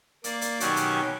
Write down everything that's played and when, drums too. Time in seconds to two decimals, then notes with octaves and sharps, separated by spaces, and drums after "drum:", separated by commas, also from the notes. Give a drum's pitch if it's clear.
0.24 A#3 D5, drum: hi-hat
0.41 drum: hi-hat
0.60 B2 D#3 F#3 C#4 F#4 G4, drum: hi-hat
0.76 drum: hi-hat